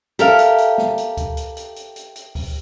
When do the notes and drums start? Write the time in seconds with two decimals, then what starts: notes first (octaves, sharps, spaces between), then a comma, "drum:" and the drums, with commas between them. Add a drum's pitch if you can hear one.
0.19 G4 A4 A#4 E5 F5, drum: hi-hat
0.39 drum: hi-hat
0.58 drum: hi-hat
0.78 drum: snare B3
0.98 drum: hi-hat
1.17 drum: kick C#2, hi-hat
1.37 drum: hi-hat
1.57 drum: hi-hat
1.76 drum: hi-hat
1.96 drum: hi-hat
2.16 drum: hi-hat
2.35 drum: kick C#2, open hi-hat